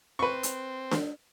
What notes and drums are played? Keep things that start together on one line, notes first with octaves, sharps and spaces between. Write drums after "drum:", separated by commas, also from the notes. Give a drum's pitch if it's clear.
C4 B4 C#6
drum: hi-hat
drum: snare D4